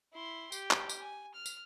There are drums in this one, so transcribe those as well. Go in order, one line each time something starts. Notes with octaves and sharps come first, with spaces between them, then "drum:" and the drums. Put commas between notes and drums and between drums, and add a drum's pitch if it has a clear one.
E4 C6
G4, drum: tambourine
drum: clap
drum: tambourine
G#5
F6
drum: tambourine